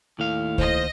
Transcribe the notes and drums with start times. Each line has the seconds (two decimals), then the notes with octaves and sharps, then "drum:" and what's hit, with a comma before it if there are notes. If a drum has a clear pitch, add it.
0.19 D#2 A2 F5
0.58 C5 D#5, drum: kick C#2